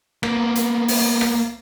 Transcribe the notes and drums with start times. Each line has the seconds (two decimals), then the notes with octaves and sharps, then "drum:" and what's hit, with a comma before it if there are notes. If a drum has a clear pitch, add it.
0.23 A#3 B3, drum: rim click
0.56 drum: hi-hat
0.88 drum: open hi-hat
1.21 drum: rim click